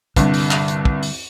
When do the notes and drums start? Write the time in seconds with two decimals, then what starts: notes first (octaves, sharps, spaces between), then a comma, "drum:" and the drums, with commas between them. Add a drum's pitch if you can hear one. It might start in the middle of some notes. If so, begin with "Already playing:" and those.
0.16 C2 G2 D3 G3, drum: kick, hi-hat
0.34 drum: open hi-hat
0.51 drum: clap
0.68 drum: hi-hat
0.85 drum: kick
1.03 drum: open hi-hat